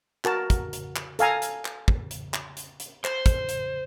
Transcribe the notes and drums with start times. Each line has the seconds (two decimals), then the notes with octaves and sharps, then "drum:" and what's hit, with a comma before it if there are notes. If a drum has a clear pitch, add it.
0.25 F#4 A#4 A5, drum: clap
0.50 drum: kick, hi-hat
0.73 drum: hi-hat
0.96 drum: clap
1.19 A4 F5 G#5 A#5, drum: hi-hat
1.42 drum: hi-hat
1.65 drum: clap
1.88 drum: kick
2.11 drum: hi-hat
2.34 drum: clap
2.57 drum: hi-hat
2.80 drum: hi-hat
3.05 C5, drum: clap
3.26 drum: kick, hi-hat
3.49 drum: hi-hat